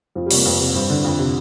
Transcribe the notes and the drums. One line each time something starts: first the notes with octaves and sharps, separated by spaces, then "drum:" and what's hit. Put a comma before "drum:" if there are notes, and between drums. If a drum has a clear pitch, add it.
F2 F3
G3
C3 A#3, drum: open hi-hat
F2
C3
G2 C4
D3 D4
F2
C3